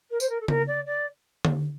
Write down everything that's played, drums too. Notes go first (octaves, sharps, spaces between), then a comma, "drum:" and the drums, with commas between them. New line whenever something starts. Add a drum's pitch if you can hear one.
A#4
C5, drum: tambourine
A#4
A4
A#4, drum: tom C#3
D5
D5
drum: tom D3